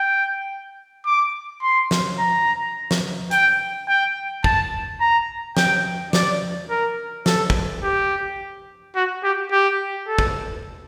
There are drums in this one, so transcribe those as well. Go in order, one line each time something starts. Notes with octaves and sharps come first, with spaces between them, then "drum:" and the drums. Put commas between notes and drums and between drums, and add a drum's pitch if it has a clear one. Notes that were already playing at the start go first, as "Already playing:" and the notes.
Already playing: G5
D6
C6
drum: snare
A#5
drum: snare
G5, drum: hi-hat
G5
A5, drum: kick
A#5
G5, drum: snare
D5, drum: snare
A#4
A4, drum: snare
drum: kick
G4
F#4
G4
G4
A4
drum: kick